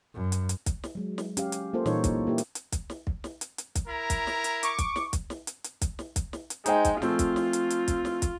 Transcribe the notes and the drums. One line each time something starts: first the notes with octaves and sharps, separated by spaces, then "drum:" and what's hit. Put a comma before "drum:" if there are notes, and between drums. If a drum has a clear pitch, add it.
F#2
drum: hi-hat
drum: hi-hat
drum: kick, hi-hat
drum: snare
F#3 G#3
drum: snare
C#4 G4 F5, drum: hi-hat
drum: hi-hat
A#3 F4 A4 C5
A#2 E3 G3 D#4 C#5, drum: snare
drum: kick, hi-hat
A#3 E4 G4
drum: hi-hat
drum: hi-hat
drum: kick, hi-hat
drum: snare
drum: kick
drum: snare
drum: hi-hat
drum: hi-hat
drum: kick, hi-hat
E4 A#4 A#5
drum: kick, hi-hat
drum: snare
drum: hi-hat
C#6 D6, drum: hi-hat
drum: kick, hi-hat
drum: snare
drum: kick, hi-hat
drum: snare
drum: hi-hat
drum: hi-hat
drum: kick, hi-hat
drum: snare
drum: kick, hi-hat
drum: snare
drum: hi-hat
G#3 D#4 C5 G5, drum: hi-hat
drum: kick, hi-hat
F3 A3 C4 F4, drum: snare
drum: kick, hi-hat
drum: snare
drum: hi-hat
drum: hi-hat
drum: kick, hi-hat
drum: snare
drum: kick, hi-hat